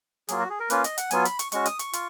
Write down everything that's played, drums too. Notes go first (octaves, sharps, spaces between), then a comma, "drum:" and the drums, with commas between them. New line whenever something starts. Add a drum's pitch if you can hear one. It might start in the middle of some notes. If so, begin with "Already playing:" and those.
F#3 A#3 F4 G#4, drum: hi-hat
F#4
G#4
A#4
A#3 C#4 F4 B4, drum: hi-hat
D#5, drum: hi-hat
F#5, drum: hi-hat
F#3 B3 F4 G#5, drum: hi-hat
B5, drum: hi-hat
C#6, drum: hi-hat
G#3 C#4 F#4 C#6, drum: hi-hat
D#6, drum: hi-hat
C#6, drum: hi-hat
F4, drum: hi-hat